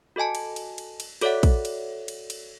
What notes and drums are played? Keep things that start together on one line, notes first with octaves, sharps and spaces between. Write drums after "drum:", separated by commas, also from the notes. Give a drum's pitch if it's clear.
F#4 A4 D#5 G#5 A5
drum: cymbal
drum: cymbal
drum: cymbal
drum: cymbal
F#4 A4 C#5 D5 E5 F#5, drum: cymbal
drum: kick A#1, cymbal
drum: cymbal
drum: cymbal
drum: cymbal